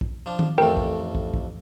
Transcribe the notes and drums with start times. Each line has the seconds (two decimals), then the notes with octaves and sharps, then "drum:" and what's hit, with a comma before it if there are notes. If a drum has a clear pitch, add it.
0.01 drum: kick
0.26 F3 D4
0.39 drum: tom D#3
0.58 A1 F2 A3 A#4 G5
0.77 drum: kick
1.15 drum: kick
1.34 drum: kick